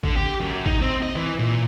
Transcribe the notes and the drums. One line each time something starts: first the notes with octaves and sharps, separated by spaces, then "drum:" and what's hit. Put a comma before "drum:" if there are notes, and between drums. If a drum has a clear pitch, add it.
D3, drum: kick G#1
G4
F#2
D#4, drum: kick G#1
C4
D#5
E3
A#2